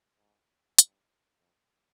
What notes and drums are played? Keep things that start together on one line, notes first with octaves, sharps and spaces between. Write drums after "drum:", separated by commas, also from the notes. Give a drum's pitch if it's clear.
G#2
G2, drum: hi-hat
F2